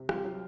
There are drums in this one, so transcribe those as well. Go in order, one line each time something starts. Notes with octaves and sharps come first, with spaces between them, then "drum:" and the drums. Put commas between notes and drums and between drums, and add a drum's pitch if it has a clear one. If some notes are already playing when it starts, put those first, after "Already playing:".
Already playing: C3
C2 F4 G4, drum: rim click
F#3